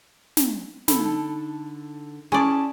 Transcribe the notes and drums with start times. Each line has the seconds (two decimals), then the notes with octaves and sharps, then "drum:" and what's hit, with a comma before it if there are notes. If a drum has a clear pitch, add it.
0.37 drum: snare
0.88 D3 A4 B5, drum: snare
1.01 D#4
2.32 C#4 E4 G#4 D5 G#5 A5 C6 C#6